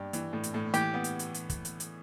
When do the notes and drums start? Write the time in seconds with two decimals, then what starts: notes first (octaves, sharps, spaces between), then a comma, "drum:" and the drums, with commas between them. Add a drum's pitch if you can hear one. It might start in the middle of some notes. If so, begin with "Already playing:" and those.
Already playing: G2 G4
0.13 E3, drum: hi-hat
0.33 A2
0.44 drum: hi-hat
0.54 A2
0.74 E3 G4, drum: hi-hat
0.94 B3
1.04 drum: hi-hat
1.19 drum: hi-hat
1.34 drum: hi-hat
1.50 drum: kick, hi-hat
1.65 drum: hi-hat
1.80 drum: hi-hat